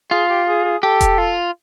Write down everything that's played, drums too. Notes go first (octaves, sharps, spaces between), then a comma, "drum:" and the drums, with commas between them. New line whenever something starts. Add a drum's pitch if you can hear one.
F4 G#4
G4
G#4
G#4
G4 A4
drum: kick E1, hi-hat
F4